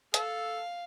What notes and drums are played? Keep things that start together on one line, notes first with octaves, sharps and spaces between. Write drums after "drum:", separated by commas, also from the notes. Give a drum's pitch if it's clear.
A4 F5, drum: hi-hat